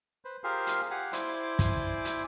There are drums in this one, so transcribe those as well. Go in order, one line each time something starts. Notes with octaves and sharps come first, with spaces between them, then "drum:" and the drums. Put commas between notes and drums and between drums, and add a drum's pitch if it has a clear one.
B4 C5
F4 G4 G#4 A#4 C5 F5
drum: hi-hat
G4 F5 F#5 G#5
E4 C5 D5 G#5 C6 D6, drum: hi-hat
drum: kick, hi-hat
drum: hi-hat